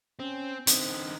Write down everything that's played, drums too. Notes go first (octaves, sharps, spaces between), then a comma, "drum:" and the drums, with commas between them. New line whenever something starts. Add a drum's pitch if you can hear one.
C4 C#4
D3 C4 D#4, drum: hi-hat